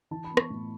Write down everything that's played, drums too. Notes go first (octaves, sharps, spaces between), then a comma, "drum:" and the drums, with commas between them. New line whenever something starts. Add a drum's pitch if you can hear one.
E3 A5
B5
B3
C#6, drum: rim click
A2